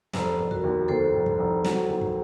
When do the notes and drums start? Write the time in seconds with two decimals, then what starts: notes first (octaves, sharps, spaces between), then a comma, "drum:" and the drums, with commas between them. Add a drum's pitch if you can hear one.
0.13 F1 A4 C5, drum: snare
0.39 F1
0.51 F#4 A#4, drum: kick
0.63 D#2
0.88 D#2 A4 C5
1.14 F1
1.26 drum: kick
1.39 F1
1.64 F#3, drum: snare
1.89 D#2
2.01 drum: kick